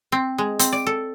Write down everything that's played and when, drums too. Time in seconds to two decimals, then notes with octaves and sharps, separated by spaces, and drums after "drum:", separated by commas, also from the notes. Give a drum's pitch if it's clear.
0.12 C4
0.38 G#3
0.59 C4, drum: hi-hat
0.73 D5
0.87 A4